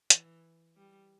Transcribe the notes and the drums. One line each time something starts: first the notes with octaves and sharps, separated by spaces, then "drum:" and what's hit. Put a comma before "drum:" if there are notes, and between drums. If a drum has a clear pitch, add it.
E3, drum: hi-hat
G3